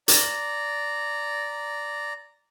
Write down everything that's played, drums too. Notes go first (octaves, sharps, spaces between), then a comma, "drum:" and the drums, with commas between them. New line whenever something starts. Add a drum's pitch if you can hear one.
D5 A#5, drum: hi-hat